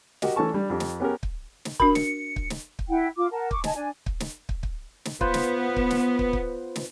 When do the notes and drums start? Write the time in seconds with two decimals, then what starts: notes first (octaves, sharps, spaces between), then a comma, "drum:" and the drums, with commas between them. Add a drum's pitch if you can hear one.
0.22 F#4 G4 A#4 D#5, drum: snare
0.36 E3 A3 C#4 A4 A5 C#6
0.52 G3 D4
0.70 F2 G4
0.80 drum: snare
1.00 B3 C#4 G4 G#4 A#4
1.23 drum: kick
1.65 drum: snare
1.80 D4 F#4 A#4 B5, drum: kick
1.95 C#7, drum: snare
2.36 drum: kick
2.50 drum: snare
2.79 drum: kick
2.89 E4 F#5 G5
3.17 F4 D6
3.32 A#4 F#5 A5
3.51 C#6 D6, drum: kick
3.64 D#5 G#5 A5, drum: snare
3.75 D4 D5 G#5
4.06 drum: kick
4.21 drum: snare
4.49 drum: kick
4.63 drum: kick
5.06 drum: snare
5.21 B3 F4 B4 C5, drum: kick
5.34 drum: snare
5.76 drum: kick
5.91 drum: snare
6.19 drum: kick
6.33 drum: kick
6.76 drum: snare